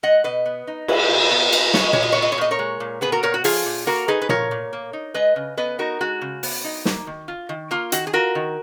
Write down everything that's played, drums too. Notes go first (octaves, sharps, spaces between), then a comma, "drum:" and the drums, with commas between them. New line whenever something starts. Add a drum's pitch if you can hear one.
G#3 D#5 F#5
B2 B4 D#5
B3
D#4
G#3 G#4 B4, drum: cymbal
B2
B3
D#4, drum: cymbal
G#3 C#5, drum: snare
D#5
A#2 C#5, drum: tom A#2
D#5
B3 C#5
D#5
C#5
A#2 D#5
A#4 C#5
G#3
A#2
B3 G#4 B4
F#4 A#4
A#2 A#4 C#5
F#4
F3 F4 G#4, drum: open hi-hat
A#2
A#3 F#4 A#4
D#4 G#4 B4
B4
F3 A#4 C#5, drum: tom A#2
A#2
A#3
D#4
G#3 B4 D#5
C#3
B3 B4 D#5
D#4 F#4 A#4
G#3 F#4
C#3
B3, drum: open hi-hat
D#4
A#3, drum: snare
D#3
F4
D#3
A#3 F4
D#3 F#4, drum: hi-hat
G#4
F4 F#4 A#4
D#3